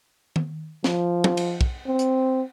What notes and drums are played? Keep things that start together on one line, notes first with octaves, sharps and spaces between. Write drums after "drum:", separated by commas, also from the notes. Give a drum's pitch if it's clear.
drum: tom D#3
F3, drum: snare
drum: tom
drum: cymbal
drum: kick
C4
drum: hi-hat